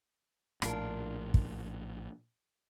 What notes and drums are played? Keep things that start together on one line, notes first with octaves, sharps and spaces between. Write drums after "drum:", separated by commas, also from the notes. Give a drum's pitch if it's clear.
A#1 A2 D4 F4 A#4, drum: rim click
drum: kick